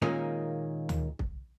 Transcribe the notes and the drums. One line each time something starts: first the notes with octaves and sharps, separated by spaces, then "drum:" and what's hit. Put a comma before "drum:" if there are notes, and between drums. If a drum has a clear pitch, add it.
A#2 D#3 G#3 A#3 C#4 D#4
drum: tom D2
drum: kick